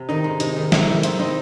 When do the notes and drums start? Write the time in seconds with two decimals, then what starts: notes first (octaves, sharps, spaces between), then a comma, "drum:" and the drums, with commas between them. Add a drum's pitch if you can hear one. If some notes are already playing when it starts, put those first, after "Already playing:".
Already playing: C3 C4
0.09 D#3 D#4
0.24 G#3
0.40 C3 D#4, drum: hi-hat
0.57 D#3
0.72 D#3 E4, drum: snare
0.88 D#3
1.03 C4 E4, drum: hi-hat
1.19 C4 D#4